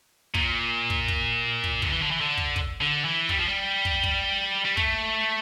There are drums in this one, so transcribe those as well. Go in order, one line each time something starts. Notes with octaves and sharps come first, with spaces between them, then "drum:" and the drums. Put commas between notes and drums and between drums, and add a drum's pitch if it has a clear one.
A#2, drum: kick
drum: kick
drum: kick
drum: kick
D3, drum: kick
E3
D3
E3
D3
drum: kick
drum: kick
D3
E3
G3, drum: kick
F3
G3
drum: kick
drum: kick
G3
A3, drum: kick